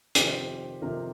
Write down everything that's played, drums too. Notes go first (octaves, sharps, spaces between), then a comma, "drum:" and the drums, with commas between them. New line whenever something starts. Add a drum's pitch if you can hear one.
F2 C3 D#3 G4 C5, drum: hi-hat
F2 C3 D#3 F4 A#4